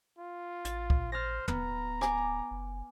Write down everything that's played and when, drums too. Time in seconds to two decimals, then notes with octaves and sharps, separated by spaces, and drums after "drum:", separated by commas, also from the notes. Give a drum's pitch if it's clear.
0.18 F4
0.65 A1 A6, drum: hi-hat
0.90 drum: kick
1.12 C5 F6 A6 A#6
1.48 D1 B3 A#5, drum: tom
2.01 G#5 D6, drum: rim click
2.51 F#1